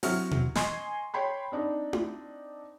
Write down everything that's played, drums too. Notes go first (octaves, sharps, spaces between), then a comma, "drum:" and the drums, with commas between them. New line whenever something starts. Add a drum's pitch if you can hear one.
F#3 C4 E4 C#6 F6, drum: open hi-hat
drum: tom B2
D#5 G#5 C6 C#6, drum: snare
C#5 G5 B5 C6
C4 D4 D#4
drum: tom E4